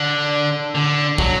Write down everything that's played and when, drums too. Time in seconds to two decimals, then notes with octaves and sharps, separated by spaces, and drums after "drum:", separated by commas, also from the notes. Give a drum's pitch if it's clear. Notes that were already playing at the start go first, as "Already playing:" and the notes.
Already playing: D3
0.75 D3
1.18 F#3, drum: kick